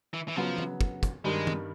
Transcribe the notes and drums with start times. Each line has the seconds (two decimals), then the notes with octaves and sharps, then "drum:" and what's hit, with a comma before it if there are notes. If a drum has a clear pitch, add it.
0.13 E3
0.28 E3
0.36 C#3 F3 F#3 B3
0.58 drum: tom E3
0.81 drum: kick
1.03 drum: kick, hi-hat
1.24 G2 D#3 G3 G#3
1.47 drum: tom D#3